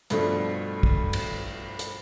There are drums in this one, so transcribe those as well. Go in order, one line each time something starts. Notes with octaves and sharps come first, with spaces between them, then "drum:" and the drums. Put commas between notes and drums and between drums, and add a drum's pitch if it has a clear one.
G2 B2 F3 A3 D4, drum: hi-hat
drum: kick
drum: cymbal
drum: hi-hat